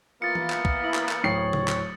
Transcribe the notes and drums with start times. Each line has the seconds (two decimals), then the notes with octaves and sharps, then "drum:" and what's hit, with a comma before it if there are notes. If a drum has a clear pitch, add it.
0.22 E3 A#3 B3 F4 A6 C#7
0.35 drum: tom E3
0.50 drum: clap
0.65 drum: kick
0.84 E4 D#6 F#7
0.94 drum: clap
1.09 drum: clap
1.24 D1 C#5 G5 C7
1.53 drum: tom C#3
1.68 drum: clap